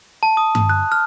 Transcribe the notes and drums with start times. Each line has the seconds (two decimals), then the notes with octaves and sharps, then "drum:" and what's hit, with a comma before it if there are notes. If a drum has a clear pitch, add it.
0.23 A5
0.37 D#6
0.55 drum: tom G2
0.70 F#6
0.92 F6